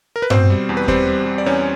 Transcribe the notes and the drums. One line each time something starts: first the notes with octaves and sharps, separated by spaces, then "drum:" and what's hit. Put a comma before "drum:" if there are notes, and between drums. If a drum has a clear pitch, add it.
A#4
B4
B2 C4 C5, drum: tom G2
G3
E2
B4
G3 C4 C5, drum: kick D#2
G3
G3
D5
E2 C#4 C#5